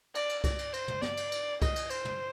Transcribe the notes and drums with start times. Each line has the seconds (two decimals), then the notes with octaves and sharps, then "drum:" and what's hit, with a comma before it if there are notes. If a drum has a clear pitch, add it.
0.15 D5, drum: cymbal
0.29 drum: cymbal
0.44 D5, drum: kick C2, cymbal
0.59 drum: cymbal
0.73 C5, drum: cymbal
0.88 drum: tom
1.02 D5, drum: snare
1.17 drum: cymbal
1.32 drum: cymbal
1.62 D#5, drum: kick C2, cymbal
1.76 drum: cymbal
1.90 C5, drum: cymbal
2.05 drum: tom